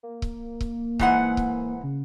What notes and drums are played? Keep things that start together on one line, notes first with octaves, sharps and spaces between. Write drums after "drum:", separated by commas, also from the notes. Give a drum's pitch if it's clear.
A#3
drum: kick C#1
drum: kick C#1
G#2 E3 F#5, drum: kick C#1
drum: kick C#1
C#3